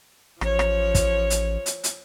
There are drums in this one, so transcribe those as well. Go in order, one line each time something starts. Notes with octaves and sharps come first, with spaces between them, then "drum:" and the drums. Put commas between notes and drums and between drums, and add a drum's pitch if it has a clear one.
A1 F3 C#5, drum: rim click
drum: rim click
drum: kick, hi-hat
drum: hi-hat
drum: hi-hat
drum: hi-hat